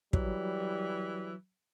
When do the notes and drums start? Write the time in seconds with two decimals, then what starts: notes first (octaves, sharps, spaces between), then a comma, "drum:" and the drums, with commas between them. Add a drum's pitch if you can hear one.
0.13 E3 F#3 G3, drum: kick